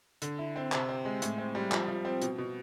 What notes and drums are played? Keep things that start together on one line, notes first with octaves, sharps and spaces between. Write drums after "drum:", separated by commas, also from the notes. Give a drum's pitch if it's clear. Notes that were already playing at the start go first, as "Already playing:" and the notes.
D3, drum: hi-hat
E4
C4
C3, drum: clap
C4
G#3
A2, drum: hi-hat
C4
G3
F3, drum: clap
F3
C4
B2, drum: hi-hat
B2